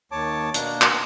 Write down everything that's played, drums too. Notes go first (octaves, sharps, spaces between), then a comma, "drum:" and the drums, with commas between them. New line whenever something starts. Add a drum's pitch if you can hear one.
D#2 C#5 A5 D6
B2 A#3 D4, drum: hi-hat
drum: clap